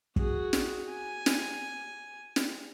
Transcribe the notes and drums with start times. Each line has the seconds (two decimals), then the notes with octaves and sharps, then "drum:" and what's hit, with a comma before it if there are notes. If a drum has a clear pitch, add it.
0.16 F#4 G#4, drum: kick
0.53 drum: snare
0.90 G#5
1.26 drum: snare
2.36 drum: snare